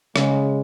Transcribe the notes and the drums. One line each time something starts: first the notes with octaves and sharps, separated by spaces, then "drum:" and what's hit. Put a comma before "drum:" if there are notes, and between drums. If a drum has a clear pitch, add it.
C#3 G#3, drum: rim click